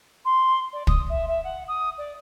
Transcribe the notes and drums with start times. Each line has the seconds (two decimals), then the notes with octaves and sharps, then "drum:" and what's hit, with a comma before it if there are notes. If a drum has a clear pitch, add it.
0.25 C6
0.73 D5
0.87 D#6, drum: kick
1.09 E5
1.28 E5
1.44 F#5
1.68 D#6
1.98 D5